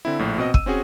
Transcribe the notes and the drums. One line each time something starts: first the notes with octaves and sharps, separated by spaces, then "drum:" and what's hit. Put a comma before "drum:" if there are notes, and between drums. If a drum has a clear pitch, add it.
D3 C4 E4
A#1 A2
B2 C4 D#5
E6 D#7, drum: kick
C4 C#4 F#4 G#4